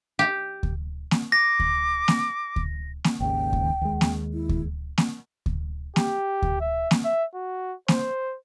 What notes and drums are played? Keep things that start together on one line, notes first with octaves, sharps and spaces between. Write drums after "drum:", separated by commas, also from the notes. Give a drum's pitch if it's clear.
G4
drum: kick D2
drum: snare A#3
D6 A#6
drum: kick D2
drum: snare A#3
drum: kick D2
drum: snare A#3
G#1 D#2 C#3 G5
drum: kick D2
D#2 G#3
drum: snare A#3
E4
drum: kick D2
drum: snare A#3
drum: kick D2
G4, drum: snare A#3
drum: kick D2
E5
drum: snare A#3
E5
F#4
C5, drum: snare A#3